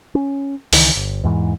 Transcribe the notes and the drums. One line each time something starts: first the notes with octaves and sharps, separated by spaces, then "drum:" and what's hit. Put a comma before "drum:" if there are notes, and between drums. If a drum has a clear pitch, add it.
C#4
C#2 D#3 E3, drum: open hi-hat
G1
E2 G#2 E3